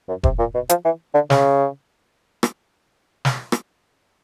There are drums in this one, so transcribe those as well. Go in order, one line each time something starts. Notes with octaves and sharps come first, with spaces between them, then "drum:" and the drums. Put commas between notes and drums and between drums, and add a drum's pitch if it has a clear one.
F#2
C3, drum: kick E1
A#2
B2
F3, drum: hi-hat
E3
D3
C#3, drum: snare
drum: rim click
drum: snare
drum: rim click